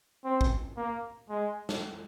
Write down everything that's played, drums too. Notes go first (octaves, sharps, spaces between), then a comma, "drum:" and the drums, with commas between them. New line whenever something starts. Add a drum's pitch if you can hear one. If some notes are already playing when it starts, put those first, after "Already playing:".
C4
drum: kick
A#3
G#3
drum: snare